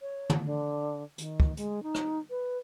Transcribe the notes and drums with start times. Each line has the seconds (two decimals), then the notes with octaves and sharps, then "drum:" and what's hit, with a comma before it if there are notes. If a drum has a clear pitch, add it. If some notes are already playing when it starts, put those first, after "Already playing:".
0.01 C#5
0.30 drum: tom
0.45 D3
1.18 D#3, drum: hi-hat
1.40 drum: kick
1.57 G#3, drum: hi-hat
1.83 D#4
1.95 drum: rim click
2.30 B4